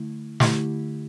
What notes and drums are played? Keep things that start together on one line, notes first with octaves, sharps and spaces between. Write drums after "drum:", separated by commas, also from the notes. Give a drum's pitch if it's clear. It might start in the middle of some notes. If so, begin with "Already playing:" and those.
Already playing: D3 A3 E4
D3 A3 E4 G4, drum: snare